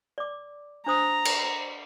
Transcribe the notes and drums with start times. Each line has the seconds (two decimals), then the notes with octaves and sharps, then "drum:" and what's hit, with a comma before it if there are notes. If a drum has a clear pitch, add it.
0.18 D5 D6
0.86 D4 C5 A#5 D#6
1.25 drum: cymbal